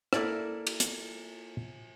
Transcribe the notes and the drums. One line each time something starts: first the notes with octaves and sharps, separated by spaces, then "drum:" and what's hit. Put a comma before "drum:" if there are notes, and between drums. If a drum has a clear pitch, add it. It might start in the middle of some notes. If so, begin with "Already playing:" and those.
A#3 E4 A4 D5 E5, drum: rim click
drum: cymbal
drum: hi-hat